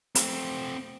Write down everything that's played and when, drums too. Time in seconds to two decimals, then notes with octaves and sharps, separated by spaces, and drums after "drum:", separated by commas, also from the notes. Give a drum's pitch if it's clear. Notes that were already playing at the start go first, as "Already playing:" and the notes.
0.15 A3 C4, drum: hi-hat